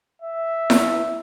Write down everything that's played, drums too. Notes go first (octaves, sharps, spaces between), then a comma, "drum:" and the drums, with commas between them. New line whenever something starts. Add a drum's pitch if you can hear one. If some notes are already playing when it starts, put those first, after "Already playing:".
E5
drum: snare E4